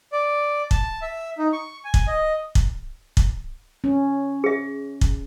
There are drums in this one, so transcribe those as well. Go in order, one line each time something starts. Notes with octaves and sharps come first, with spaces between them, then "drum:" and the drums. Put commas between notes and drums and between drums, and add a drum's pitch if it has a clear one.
D5
A5, drum: kick
E5
D#4
C#6
G#5
drum: kick
D#5
drum: kick
drum: kick
C#4
G#4 E5
drum: kick